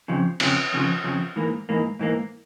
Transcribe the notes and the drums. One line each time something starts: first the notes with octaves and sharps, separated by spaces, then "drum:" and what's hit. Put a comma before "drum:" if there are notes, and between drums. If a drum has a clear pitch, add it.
F2 C#3 F3
F2 C#3 F3, drum: cymbal
F2 C#3 F3
F2 C#3 F3
G#2 E3 A#3
G#2 E3 A#3
G#2 E3 A#3